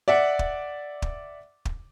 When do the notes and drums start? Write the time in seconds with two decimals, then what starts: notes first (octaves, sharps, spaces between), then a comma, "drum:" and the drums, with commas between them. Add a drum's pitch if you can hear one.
0.08 D5 E5 F#5
0.39 drum: kick
1.02 drum: kick
1.65 drum: kick